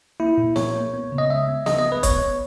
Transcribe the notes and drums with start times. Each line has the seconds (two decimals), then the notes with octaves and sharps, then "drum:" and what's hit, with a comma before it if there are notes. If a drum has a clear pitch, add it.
0.20 A#3 E4
0.38 A#2
0.56 A#2 C#5, drum: snare B3
0.75 A#3
0.94 B3
1.12 C#3
1.18 D#5
1.30 G#3 E5
1.48 B3
1.66 C#3 D#5, drum: snare B3
1.78 D#5
1.86 B3
1.92 B4
2.03 B3 C#5, drum: kick C#1, hi-hat
2.23 B3